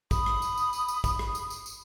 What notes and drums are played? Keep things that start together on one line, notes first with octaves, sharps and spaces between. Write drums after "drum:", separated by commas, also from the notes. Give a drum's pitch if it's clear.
B5 D#6, drum: kick A1, tambourine
drum: rim click
drum: tambourine
drum: tambourine
drum: tambourine
drum: tambourine
drum: kick A1, tambourine
drum: rim click
drum: tambourine
drum: tambourine
drum: tambourine